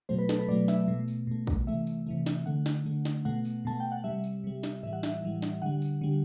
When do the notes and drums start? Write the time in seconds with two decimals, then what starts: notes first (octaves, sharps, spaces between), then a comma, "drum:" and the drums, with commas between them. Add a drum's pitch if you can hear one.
0.09 B2 F#3 A3 C5
0.19 B4
0.29 A4, drum: snare
0.39 B4
0.48 B2 F#3 A3 D5
0.68 E5, drum: snare
0.88 B2 A3
1.08 drum: tambourine
1.27 B2 A3
1.47 drum: kick, tambourine
1.67 C3 E3 A3 E5
1.87 drum: tambourine
2.06 C3 E3 A3
2.26 drum: snare
2.46 D3 A3 F#5
2.66 drum: snare
2.86 D3 A3
3.05 drum: snare
3.25 B2 A3 F#5
3.45 drum: tambourine
3.65 B2 A3 A5
3.80 G5
3.92 F#5
4.04 C3 G3 E5
4.24 drum: tambourine
4.44 C3 G3
4.63 drum: snare
4.83 A2 E3 G3 E5
4.93 F#5
5.03 E5, drum: snare
5.23 A2 E3 G3
5.42 drum: snare
5.62 D3 G3 F#5
5.82 drum: tambourine
6.01 D3 G3